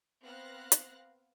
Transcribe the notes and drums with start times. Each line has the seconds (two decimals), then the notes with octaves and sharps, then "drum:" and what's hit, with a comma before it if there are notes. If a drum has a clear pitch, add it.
0.23 B3 C4 F5 F#6 A#6
0.72 drum: hi-hat